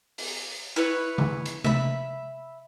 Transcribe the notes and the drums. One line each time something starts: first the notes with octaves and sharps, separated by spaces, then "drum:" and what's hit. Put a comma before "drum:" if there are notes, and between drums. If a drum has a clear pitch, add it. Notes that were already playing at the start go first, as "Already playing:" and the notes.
drum: open hi-hat
E4 B4 C#5
drum: tom C#3
drum: hi-hat
E5 B5, drum: tom C3